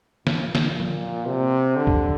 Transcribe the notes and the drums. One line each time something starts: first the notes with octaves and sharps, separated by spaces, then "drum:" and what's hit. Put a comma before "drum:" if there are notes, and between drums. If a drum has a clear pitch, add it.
A#2, drum: snare
drum: snare
drum: tom F3
C3
D3
drum: kick